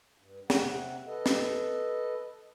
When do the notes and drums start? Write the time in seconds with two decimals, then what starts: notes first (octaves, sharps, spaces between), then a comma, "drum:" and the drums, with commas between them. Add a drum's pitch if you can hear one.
0.18 G2
0.50 C3 F#5, drum: snare
1.07 A4 B4 D#5
1.26 drum: snare